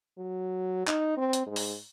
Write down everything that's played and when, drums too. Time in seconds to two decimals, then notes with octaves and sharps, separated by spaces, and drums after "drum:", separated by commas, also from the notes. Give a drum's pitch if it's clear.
0.18 F#3
0.87 D#4, drum: clap
1.17 C4
1.33 drum: hi-hat
1.47 G#2
1.56 drum: open hi-hat